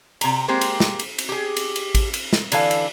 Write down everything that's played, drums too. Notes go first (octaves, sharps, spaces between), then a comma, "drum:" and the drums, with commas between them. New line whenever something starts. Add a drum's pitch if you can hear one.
C3 A#5, drum: cymbal
G#3 A#3 C4 G4 C5
drum: cymbal
drum: snare
drum: cymbal
drum: cymbal
G4 G#4
drum: cymbal
drum: cymbal
drum: kick A1, cymbal
drum: cymbal
drum: snare
D3 E3 A4 F5, drum: cymbal
drum: cymbal